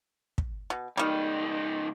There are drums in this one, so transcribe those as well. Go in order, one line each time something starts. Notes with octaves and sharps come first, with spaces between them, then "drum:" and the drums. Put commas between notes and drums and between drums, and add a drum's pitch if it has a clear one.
drum: kick
B2
C#2 D#3 G3 D#4